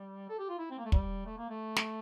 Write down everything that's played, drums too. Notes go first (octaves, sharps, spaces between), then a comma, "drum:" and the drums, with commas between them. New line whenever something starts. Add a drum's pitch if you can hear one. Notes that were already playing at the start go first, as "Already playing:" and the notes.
Already playing: G3
A4
G4
F4
E4
C4
A#3
A3
G3, drum: kick
A3
A#3
A3
drum: snare